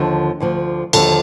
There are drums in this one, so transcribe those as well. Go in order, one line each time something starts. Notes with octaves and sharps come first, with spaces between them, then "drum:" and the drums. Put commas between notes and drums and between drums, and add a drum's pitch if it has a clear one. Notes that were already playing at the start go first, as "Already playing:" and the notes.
Already playing: D#2 D3 F3
D2 D3 F3
D#2 D3 F3 A4, drum: cymbal